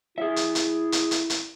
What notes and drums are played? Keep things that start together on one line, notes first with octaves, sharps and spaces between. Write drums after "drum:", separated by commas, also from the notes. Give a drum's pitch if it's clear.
E4 G#4 E5
drum: hi-hat
drum: hi-hat
drum: hi-hat
drum: hi-hat
drum: hi-hat